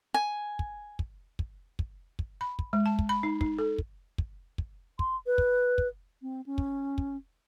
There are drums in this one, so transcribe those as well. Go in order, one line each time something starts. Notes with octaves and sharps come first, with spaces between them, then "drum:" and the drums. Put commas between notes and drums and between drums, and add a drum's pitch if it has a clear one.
G#5
drum: kick
drum: kick
drum: kick
drum: kick
drum: kick
B5
drum: kick
G#3
A5
drum: kick
B5
D#4
D#4, drum: kick
A4
drum: kick
drum: kick
drum: kick
C6, drum: kick
B4
drum: kick
drum: kick
C4
C#4
drum: kick
drum: kick